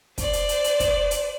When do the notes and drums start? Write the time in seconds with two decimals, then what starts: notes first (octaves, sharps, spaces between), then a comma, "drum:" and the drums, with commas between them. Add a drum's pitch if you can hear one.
0.18 C5 D5, drum: kick, hi-hat
0.33 drum: hi-hat
0.49 drum: hi-hat
0.64 drum: hi-hat
0.80 drum: kick, hi-hat
1.11 drum: hi-hat